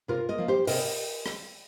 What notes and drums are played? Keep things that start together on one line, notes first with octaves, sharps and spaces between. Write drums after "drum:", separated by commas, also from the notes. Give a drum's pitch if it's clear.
C3 F4 A#4
A#4 D#5
F3 A#3
G4 C5
C3 A#4 D#5, drum: open hi-hat
drum: rim click